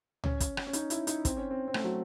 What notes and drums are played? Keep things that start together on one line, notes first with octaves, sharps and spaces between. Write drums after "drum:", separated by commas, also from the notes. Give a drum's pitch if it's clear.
C#4, drum: tom C#2
drum: kick, hi-hat
drum: rim click
C#4
D#4, drum: hi-hat
E4, drum: hi-hat
D#4, drum: hi-hat
C4, drum: kick, hi-hat
C#4
C4
C4
A3, drum: rim click
F#3